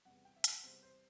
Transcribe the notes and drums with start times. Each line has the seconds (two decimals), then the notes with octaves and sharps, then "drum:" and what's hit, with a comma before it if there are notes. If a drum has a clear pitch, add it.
0.05 E2 C3 G3 F#5
0.25 G5
0.36 E5
0.44 F#5, drum: hi-hat
0.63 E2 C3 G3 C5
0.83 C5